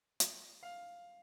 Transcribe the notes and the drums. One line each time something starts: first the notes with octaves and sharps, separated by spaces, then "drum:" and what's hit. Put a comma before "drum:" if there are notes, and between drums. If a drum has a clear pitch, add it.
drum: hi-hat
F5